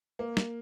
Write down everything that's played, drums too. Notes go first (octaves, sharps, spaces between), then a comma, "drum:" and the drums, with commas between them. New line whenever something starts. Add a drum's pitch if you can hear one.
A#3
drum: snare